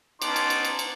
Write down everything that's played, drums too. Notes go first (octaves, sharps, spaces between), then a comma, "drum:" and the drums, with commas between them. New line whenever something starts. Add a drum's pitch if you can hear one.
B3 C#4 D#4 A5 C6 D6, drum: cymbal
drum: cymbal
drum: cymbal
drum: cymbal
drum: cymbal